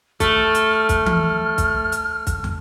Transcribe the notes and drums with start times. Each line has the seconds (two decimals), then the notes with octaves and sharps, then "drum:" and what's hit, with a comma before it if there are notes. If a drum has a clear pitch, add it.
0.20 A3 F6, drum: kick, hi-hat
0.55 drum: hi-hat
0.89 drum: kick, hi-hat
1.06 drum: tom E3
1.58 drum: kick, hi-hat
1.92 drum: hi-hat
2.27 drum: kick, hi-hat
2.44 drum: tom